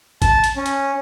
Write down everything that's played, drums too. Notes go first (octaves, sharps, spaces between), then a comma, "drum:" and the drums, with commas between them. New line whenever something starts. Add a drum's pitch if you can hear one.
A5, drum: kick, hi-hat
drum: hi-hat
C#4
drum: hi-hat